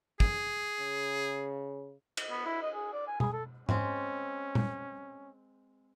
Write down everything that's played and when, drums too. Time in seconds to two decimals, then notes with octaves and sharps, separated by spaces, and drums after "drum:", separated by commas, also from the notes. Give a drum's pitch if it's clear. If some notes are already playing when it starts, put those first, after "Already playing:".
0.20 G#4, drum: kick
0.80 C#3
2.17 drum: cymbal
2.31 B3
2.46 E4
2.62 D#5
2.74 G#4
2.93 D5
3.07 G#5
3.20 G#4, drum: tom
3.33 A4
3.69 G#3 C4 C#4, drum: tom G#2
4.55 drum: tom A#2